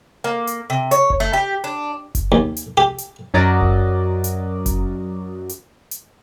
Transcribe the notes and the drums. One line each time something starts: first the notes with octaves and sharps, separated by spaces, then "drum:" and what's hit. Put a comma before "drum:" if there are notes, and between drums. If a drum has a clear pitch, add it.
A#3
drum: hi-hat
C3
C#5, drum: hi-hat
drum: kick F#1
A3
G4
D4
drum: kick F#1, hi-hat
D#2
drum: hi-hat
G4
drum: hi-hat
F#2 F#3 A#4 D5 D#5
drum: kick F#1
drum: hi-hat
drum: kick F#1, hi-hat
drum: hi-hat
drum: hi-hat